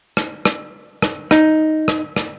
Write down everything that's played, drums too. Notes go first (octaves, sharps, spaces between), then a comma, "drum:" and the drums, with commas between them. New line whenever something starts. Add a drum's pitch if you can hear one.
drum: rim click
drum: rim click
drum: rim click
D#4, drum: rim click
drum: rim click
drum: rim click